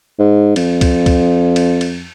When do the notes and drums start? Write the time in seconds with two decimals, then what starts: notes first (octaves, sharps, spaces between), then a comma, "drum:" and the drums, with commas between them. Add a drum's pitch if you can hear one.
0.19 G#2
0.56 F2, drum: cymbal
0.81 drum: kick C#2, cymbal
1.06 drum: kick C#2, cymbal
1.56 drum: cymbal
1.81 drum: cymbal